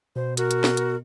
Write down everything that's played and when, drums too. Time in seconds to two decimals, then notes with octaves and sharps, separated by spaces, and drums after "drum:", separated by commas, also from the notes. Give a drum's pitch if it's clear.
0.16 B2 C5
0.37 F#4 A#4, drum: hi-hat
0.51 drum: hi-hat
0.64 drum: snare
0.77 drum: hi-hat